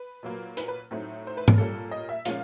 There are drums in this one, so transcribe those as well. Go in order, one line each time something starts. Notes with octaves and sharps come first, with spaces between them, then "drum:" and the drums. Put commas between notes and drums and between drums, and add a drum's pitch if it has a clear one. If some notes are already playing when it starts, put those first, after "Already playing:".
Already playing: B4
A#2 F#3 A#3
B4, drum: hi-hat
B4
A2 F#3 A3 C4 D#4
C5
B4
A#4, drum: tom G#2
A#2 G3 A#3 C#4 A4
D#5
E5
A#2 F3 G#3 C#4 F5, drum: hi-hat